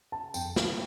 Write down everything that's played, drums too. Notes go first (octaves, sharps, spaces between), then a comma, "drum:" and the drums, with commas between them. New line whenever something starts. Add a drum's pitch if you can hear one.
A5
F2 G5, drum: tambourine
F5, drum: snare